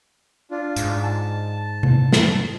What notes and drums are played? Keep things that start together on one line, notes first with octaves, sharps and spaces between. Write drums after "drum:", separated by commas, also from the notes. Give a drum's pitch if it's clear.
D4 F4
G#2, drum: hi-hat
A5
drum: tom C3
drum: snare